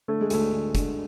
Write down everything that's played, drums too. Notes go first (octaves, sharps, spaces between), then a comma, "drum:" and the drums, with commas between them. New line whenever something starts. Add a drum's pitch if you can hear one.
D3 A3
G#3
D2 A3, drum: hi-hat
D3
D3, drum: kick, hi-hat